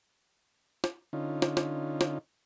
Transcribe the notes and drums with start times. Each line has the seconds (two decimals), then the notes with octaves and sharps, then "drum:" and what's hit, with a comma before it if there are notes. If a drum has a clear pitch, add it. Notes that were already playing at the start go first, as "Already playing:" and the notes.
0.84 drum: snare
1.13 D3 C#4 D#4 F4
1.42 drum: snare
1.57 drum: snare
2.01 drum: snare